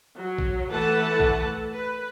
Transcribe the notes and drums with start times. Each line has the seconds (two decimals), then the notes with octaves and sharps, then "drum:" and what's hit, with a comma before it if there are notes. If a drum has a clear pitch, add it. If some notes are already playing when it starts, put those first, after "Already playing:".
0.18 F#3
0.38 drum: kick A#1
0.72 E3 A3 A4 B4 F#5 A5
1.20 drum: kick A#1
1.74 B4